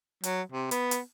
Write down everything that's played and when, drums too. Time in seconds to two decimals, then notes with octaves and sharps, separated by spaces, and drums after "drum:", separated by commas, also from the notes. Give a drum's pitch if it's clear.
0.23 F#3, drum: hi-hat
0.52 C3
0.71 B3, drum: hi-hat
0.91 drum: hi-hat